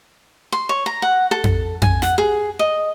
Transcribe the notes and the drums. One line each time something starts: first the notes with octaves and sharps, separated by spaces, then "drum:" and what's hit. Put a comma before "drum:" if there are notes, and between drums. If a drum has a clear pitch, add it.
C6
C#5
A#5
F#5
A4
drum: tom F2
G#5, drum: tom F2
F#5, drum: snare
G#4
D#5